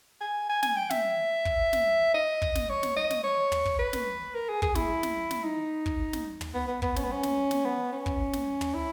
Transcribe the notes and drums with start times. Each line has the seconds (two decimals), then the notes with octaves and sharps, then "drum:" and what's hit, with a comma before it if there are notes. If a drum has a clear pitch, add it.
0.21 G#5
0.49 G#5
0.63 G#5, drum: snare
0.76 G5
0.90 E5, drum: snare
1.45 drum: kick
1.73 drum: snare
2.14 D#5
2.42 drum: kick
2.55 drum: snare
2.69 C#5
2.83 drum: snare
2.96 D#5
3.10 drum: snare
3.24 C#5
3.52 drum: tom
3.65 drum: kick
3.79 B4
3.93 drum: snare
4.35 A#4
4.49 G#4
4.62 G#4, drum: kick
4.75 E4, drum: snare
5.03 drum: snare
5.31 drum: snare
5.44 D#4
5.86 drum: kick
6.13 drum: snare
6.41 drum: tom
6.54 B3
6.68 B3
6.82 B3, drum: kick
6.96 C#4, drum: snare
7.04 B3
7.12 C#4
7.23 drum: snare
7.51 drum: snare
7.65 B3
7.92 C#4
8.06 drum: kick
8.33 drum: snare
8.61 drum: tom
8.74 E4